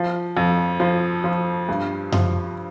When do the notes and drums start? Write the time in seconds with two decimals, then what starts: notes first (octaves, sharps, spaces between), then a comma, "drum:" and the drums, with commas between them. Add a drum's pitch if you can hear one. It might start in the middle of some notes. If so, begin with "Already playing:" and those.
Already playing: F3
0.37 F2
0.80 F3
1.24 F3
1.69 G2
2.12 F3, drum: tom F#2